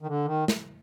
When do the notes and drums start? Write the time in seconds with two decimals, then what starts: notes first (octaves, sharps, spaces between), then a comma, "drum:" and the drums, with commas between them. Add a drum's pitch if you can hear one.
0.01 D#3
0.07 D3
0.25 D#3
0.48 drum: snare